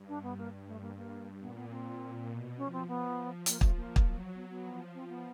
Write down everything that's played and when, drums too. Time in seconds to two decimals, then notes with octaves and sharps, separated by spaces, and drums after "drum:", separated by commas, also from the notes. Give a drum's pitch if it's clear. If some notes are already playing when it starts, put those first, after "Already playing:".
Already playing: G2
0.08 D4
0.23 B3
0.38 A#3
0.52 G2
0.67 A3
0.81 A#3
0.96 A#3
1.40 A#2 B3
1.55 B3
1.70 C4
2.29 B2
2.58 F3 C#4
2.73 C4
2.88 F3 B3
3.46 F3 A#3, drum: hi-hat
3.61 A3, drum: kick
3.76 A#3
3.96 drum: kick
4.05 F#3
4.35 B3
4.50 B3
4.64 F3
4.94 C4
5.08 B3